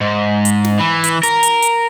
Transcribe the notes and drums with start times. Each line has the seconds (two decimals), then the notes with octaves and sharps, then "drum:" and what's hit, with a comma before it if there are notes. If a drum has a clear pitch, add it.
0.01 G#2
0.45 drum: hi-hat
0.65 drum: snare
0.80 E3
1.04 drum: hi-hat
1.23 A#4, drum: hi-hat
1.43 drum: hi-hat
1.62 drum: hi-hat